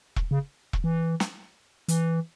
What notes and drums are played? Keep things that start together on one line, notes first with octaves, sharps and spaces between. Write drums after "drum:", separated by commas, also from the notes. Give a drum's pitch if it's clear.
drum: kick E1
C#3
drum: kick E1
E3
drum: snare
E3, drum: hi-hat